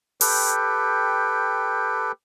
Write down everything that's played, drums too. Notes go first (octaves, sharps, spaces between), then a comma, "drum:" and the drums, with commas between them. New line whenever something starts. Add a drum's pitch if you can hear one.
G4 A4 B4 G5, drum: open hi-hat